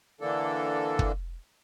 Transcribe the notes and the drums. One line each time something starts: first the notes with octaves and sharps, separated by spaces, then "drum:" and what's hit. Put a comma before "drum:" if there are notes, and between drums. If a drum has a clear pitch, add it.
D3 E3 A#3 D4 A4
drum: kick